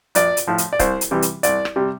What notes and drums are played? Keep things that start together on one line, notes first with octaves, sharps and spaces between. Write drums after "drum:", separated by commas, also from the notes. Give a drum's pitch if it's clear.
A#1 D5, drum: hi-hat
drum: hi-hat
A2 F3
drum: hi-hat
D5
C2 C5, drum: kick C#1, hi-hat
drum: hi-hat
C3 E3 G3
drum: hi-hat
C2 D5, drum: hi-hat
drum: rim click
C3 G3